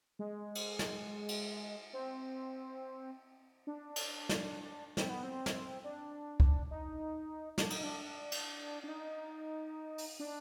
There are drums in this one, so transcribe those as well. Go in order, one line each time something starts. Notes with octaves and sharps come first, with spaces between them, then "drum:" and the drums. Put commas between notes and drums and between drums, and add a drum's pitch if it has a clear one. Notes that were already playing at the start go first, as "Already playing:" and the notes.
G#3
drum: cymbal
drum: snare
drum: cymbal
C4
D4
drum: cymbal
drum: snare
C4, drum: snare
B3
C4
drum: snare
D4
drum: kick
D#4
D4, drum: snare
D#4, drum: cymbal
D4
drum: cymbal
D4
D#4
drum: open hi-hat
D4